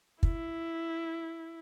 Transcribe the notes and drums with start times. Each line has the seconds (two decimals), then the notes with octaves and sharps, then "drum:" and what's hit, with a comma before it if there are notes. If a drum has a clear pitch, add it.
0.23 E4, drum: kick